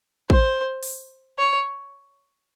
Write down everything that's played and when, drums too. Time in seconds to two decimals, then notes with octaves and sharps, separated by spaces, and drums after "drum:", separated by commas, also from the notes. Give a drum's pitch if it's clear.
0.30 C5, drum: kick
0.83 drum: open hi-hat
1.39 C#5